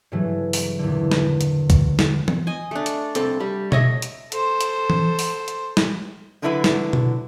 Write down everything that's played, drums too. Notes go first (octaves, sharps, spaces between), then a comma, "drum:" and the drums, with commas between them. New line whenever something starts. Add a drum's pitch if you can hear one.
G2 C#3 E3 F#3 A3
drum: open hi-hat
E2 A#2 D3
drum: snare
drum: hi-hat
drum: kick C2, hi-hat
drum: snare
drum: tom E3
D#5 G#5
A3 D4
drum: hi-hat
C2 C4 A4, drum: hi-hat
G3
C#5 D#5 E5, drum: tom B2
drum: hi-hat
A4 C5, drum: hi-hat
drum: hi-hat
drum: tom E3
drum: open hi-hat
drum: hi-hat
drum: snare
D3 F#3 D4 E4 A4 B4
drum: snare
drum: tom B2